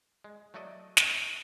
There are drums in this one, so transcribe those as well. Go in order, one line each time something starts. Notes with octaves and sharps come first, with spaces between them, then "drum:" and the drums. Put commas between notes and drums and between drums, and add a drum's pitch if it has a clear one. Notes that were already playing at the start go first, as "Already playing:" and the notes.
G#3
F#3 A3 F#4 D5 D#5
drum: snare